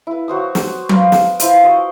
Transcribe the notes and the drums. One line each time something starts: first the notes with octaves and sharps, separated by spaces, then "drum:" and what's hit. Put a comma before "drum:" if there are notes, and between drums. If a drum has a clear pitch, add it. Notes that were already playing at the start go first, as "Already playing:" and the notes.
E4 B4
F#3 F#4 C5 D#6
drum: snare
A#4 B4 F5 C6, drum: tom F#3
drum: snare
F3 E4 C5 F5, drum: hi-hat
F#4 C5 D#5 C#6